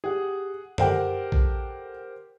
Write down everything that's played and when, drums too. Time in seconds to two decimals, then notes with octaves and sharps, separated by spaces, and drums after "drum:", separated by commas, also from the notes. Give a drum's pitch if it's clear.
0.04 G4 G#4 F#5
0.78 G4 A4 A#4 C5 F#5 G5, drum: tom F#2
1.32 drum: kick A#1